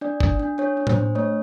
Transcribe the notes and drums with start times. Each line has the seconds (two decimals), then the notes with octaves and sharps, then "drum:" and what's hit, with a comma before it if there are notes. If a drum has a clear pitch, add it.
0.01 D4 D5
0.20 D4, drum: kick G1
0.40 D4
0.58 D4 C#5
0.77 D4
0.87 C5, drum: tom A2
0.97 D4
1.15 A3 C#5